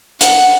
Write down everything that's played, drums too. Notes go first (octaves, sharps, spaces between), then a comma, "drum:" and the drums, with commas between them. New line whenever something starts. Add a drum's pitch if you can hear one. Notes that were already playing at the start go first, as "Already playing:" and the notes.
F#5, drum: hi-hat